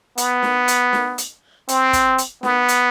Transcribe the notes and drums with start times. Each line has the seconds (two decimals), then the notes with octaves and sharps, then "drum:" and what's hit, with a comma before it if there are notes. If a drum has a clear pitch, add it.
0.18 B3, drum: hi-hat
0.43 drum: snare
0.68 drum: hi-hat
0.93 drum: snare
1.18 drum: hi-hat
1.69 C4, drum: hi-hat
1.93 drum: kick, hi-hat
2.18 drum: hi-hat
2.43 B3, drum: snare
2.68 drum: hi-hat